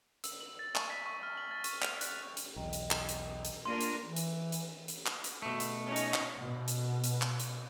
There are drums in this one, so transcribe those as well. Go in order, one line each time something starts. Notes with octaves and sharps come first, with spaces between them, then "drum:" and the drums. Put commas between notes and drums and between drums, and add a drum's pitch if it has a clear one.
E6, drum: hi-hat
F#7
A6
C#6, drum: clap
B6
C#6
F6
F#7
A6
C#6, drum: hi-hat
F7, drum: clap
F#6, drum: hi-hat
drum: hi-hat
B1 E2 D#5 G5 A#5
drum: hi-hat
drum: clap
drum: hi-hat
drum: hi-hat
A#3 D4 F4 A#4 D5 C6 D#7
drum: hi-hat
E3
drum: hi-hat
drum: hi-hat
drum: hi-hat
drum: clap
drum: hi-hat
B2 A3
drum: hi-hat
C#4 D#4
drum: hi-hat
drum: clap
B2
drum: hi-hat
drum: hi-hat
drum: clap
drum: hi-hat